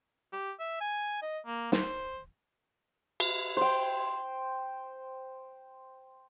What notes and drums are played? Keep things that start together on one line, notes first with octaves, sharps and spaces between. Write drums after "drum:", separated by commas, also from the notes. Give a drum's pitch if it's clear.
G4
E5
G#5
D#5
A#3
C5, drum: snare
drum: cymbal
C5 G5